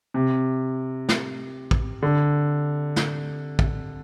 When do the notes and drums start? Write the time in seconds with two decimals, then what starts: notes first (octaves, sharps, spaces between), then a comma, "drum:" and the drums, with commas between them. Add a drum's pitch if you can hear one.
0.14 C3
1.09 drum: snare
1.71 drum: kick
2.02 D3
2.96 drum: snare
3.59 drum: kick